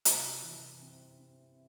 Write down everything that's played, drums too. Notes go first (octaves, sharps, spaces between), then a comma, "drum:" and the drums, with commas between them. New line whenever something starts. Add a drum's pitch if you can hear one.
C3, drum: hi-hat
E3
C4
C4